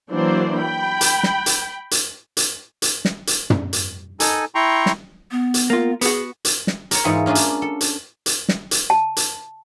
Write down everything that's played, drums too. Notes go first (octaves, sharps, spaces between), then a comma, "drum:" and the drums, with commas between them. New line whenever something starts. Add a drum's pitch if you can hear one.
E3 F#3 A#3 D4 C5 D5
G5 B5
drum: hi-hat
drum: snare
drum: hi-hat
drum: hi-hat
drum: hi-hat
drum: hi-hat
drum: snare
drum: hi-hat
drum: tom
drum: hi-hat
D#4 A4 G#5, drum: hi-hat
E4 G5 A#5 C6 C#6
drum: snare
B3
drum: hi-hat
A#3 F4
B3 F#4 G#4, drum: hi-hat
drum: hi-hat
drum: snare
A#4 C#5, drum: hi-hat
G#2 E3 F4 G#4 C#5 E5
A#3 C#4 D4 F4 G#4
drum: hi-hat
A4
drum: hi-hat
drum: hi-hat
drum: snare
drum: hi-hat
A5
drum: hi-hat